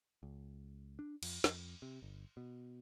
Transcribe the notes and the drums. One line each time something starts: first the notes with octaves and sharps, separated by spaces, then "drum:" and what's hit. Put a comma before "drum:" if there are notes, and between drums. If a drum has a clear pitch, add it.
C#2
D4
F2, drum: cymbal
F2, drum: snare
C3
G1
B2